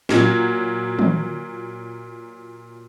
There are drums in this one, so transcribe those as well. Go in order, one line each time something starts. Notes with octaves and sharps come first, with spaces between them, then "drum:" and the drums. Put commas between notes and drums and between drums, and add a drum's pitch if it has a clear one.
A#2 F#3, drum: snare
drum: tom